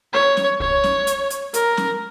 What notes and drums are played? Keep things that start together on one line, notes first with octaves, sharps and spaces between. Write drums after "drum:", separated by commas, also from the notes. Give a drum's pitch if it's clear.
C#5
drum: snare C#4
C#5, drum: kick C2
drum: snare C#4
drum: hi-hat
drum: hi-hat
A#4, drum: hi-hat
drum: snare C#4